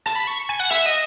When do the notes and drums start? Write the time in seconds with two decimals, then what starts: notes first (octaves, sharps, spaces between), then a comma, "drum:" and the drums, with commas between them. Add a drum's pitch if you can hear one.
0.06 A5, drum: hi-hat
0.15 B5
0.27 C#6
0.49 G#5
0.60 F#5
0.70 E5, drum: hi-hat
0.86 D#5